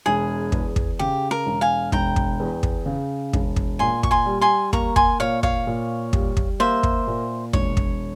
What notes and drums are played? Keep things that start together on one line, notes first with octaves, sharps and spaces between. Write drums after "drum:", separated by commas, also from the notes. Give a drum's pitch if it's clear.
E1 G#4
E2, drum: kick
drum: kick
C#3 G4
A#4
E1
F5 G#5
E1 G5 A#5, drum: kick
drum: kick
E2
drum: kick
C#3
E1, drum: kick
drum: kick
A#2 G#5 C6
C#6, drum: kick
G#5 C6
G3
G#5 C6
A#3 A#5 C#6, drum: kick
G#5 C6, drum: kick
A#2 C#5 F5
C#5 F5, drum: kick
A#2
G3, drum: kick
drum: kick
A#3 C5 E5
drum: kick
A#2
E1 C#5, drum: kick
drum: kick